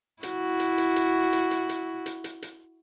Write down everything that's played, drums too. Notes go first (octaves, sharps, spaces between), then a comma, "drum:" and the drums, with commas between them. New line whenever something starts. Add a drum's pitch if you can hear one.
E4 F#4, drum: hi-hat
drum: hi-hat
drum: hi-hat
drum: hi-hat
drum: hi-hat
drum: hi-hat
drum: hi-hat
drum: hi-hat
drum: hi-hat
drum: hi-hat